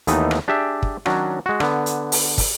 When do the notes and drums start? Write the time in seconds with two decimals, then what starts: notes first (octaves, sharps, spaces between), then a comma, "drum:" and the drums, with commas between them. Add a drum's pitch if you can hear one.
0.07 D#2 E3 A3 B3 D#4 D#5, drum: hi-hat
0.31 drum: rim click
0.48 D4 G4 G#4 E5
0.83 drum: kick
1.06 D#3 F#3 C#4 D4 F#4, drum: rim click
1.46 G#3 F#4
1.60 D3 B3, drum: rim click
1.86 drum: hi-hat
2.12 drum: open hi-hat
2.38 drum: kick, open hi-hat